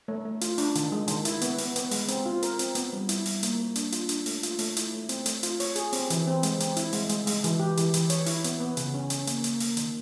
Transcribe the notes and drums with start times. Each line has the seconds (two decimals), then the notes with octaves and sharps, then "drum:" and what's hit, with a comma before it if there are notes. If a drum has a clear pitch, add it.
0.08 A3
0.25 A3
0.41 F4, drum: hi-hat
0.58 D4, drum: open hi-hat
0.75 D#3, drum: hi-hat
0.92 G#3
1.08 D#3, drum: hi-hat
1.25 E4, drum: hi-hat
1.41 B3, drum: hi-hat
1.58 B3, drum: open hi-hat
1.76 B3, drum: hi-hat
1.91 G#3, drum: open hi-hat
2.08 C4, drum: hi-hat
2.26 F4
2.43 A#4, drum: hi-hat
2.59 C4, drum: hi-hat
2.75 B3, drum: hi-hat
2.93 G3
3.09 E4, drum: hi-hat
3.26 G3, drum: open hi-hat
3.43 A#3, drum: hi-hat
3.60 A#3
3.76 D4, drum: hi-hat
3.92 F4, drum: hi-hat
4.09 D4, drum: hi-hat
4.26 A3, drum: open hi-hat
4.43 F4, drum: hi-hat
4.59 A3, drum: open hi-hat
4.77 E4, drum: hi-hat
4.93 A3
5.09 C4, drum: hi-hat
5.26 A3, drum: hi-hat
5.43 F4, drum: hi-hat
5.60 C#5, drum: open hi-hat
5.76 G#4, drum: hi-hat
5.93 C4, drum: open hi-hat
6.10 E3, drum: hi-hat
6.27 C4
6.43 G#3, drum: hi-hat
6.60 C4, drum: hi-hat
6.77 E4, drum: hi-hat
6.93 G#3, drum: open hi-hat
7.09 G#3, drum: hi-hat
7.27 G#3, drum: open hi-hat
7.44 E3, drum: hi-hat
7.59 G4
7.77 E3, drum: hi-hat
7.94 E3, drum: hi-hat
8.10 C#5, drum: hi-hat
8.26 E4, drum: open hi-hat
8.44 B3, drum: hi-hat
8.60 B3
8.77 C#3, drum: hi-hat
8.94 C#4
9.10 C#4, drum: hi-hat
9.27 A#3, drum: hi-hat
9.44 A#3, drum: hi-hat
9.60 A#3, drum: open hi-hat
9.77 D#3, drum: hi-hat